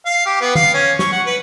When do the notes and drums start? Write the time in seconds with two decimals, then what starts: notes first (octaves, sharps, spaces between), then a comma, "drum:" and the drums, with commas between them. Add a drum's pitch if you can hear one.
0.06 F5
0.26 G4
0.41 B3
0.55 F5, drum: tom
0.74 C#4
0.99 C#6, drum: snare
1.12 F#5
1.26 B4